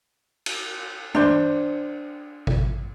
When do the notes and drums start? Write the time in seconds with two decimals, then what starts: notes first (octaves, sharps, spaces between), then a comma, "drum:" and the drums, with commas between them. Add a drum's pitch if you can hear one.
0.46 drum: cymbal
1.15 D4 C5, drum: tom
2.47 drum: kick G#1